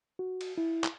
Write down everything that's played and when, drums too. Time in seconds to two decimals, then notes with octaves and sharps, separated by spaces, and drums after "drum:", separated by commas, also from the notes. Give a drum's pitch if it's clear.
0.19 F#4
0.41 drum: cymbal
0.58 E4
0.84 drum: clap